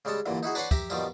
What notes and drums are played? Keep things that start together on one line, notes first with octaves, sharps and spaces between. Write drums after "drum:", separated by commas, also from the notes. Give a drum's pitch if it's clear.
C#3 G3 G#3 C#5 A5
G2 A#2 D3 E3
D#4 E4 F#4 G#4
D4 B4 C#5 F#5 C6, drum: tambourine
G4 E5 A#5, drum: kick, tambourine
B2 D#3 F3 G3, drum: tambourine